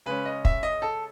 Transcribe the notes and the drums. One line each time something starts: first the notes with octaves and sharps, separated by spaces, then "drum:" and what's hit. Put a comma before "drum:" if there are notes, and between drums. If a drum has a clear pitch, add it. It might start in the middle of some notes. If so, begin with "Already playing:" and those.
C#3 G#3 C#4 B4
D#5
E5, drum: kick
D#5
A4